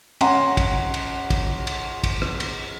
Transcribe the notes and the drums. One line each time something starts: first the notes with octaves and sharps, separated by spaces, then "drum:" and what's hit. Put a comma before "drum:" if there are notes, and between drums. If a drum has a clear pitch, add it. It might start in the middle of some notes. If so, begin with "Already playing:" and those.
C#4 F#5 A#5 C6, drum: cymbal
drum: kick, cymbal
drum: cymbal
drum: kick, cymbal
drum: cymbal
drum: kick, cymbal
drum: rim click
drum: cymbal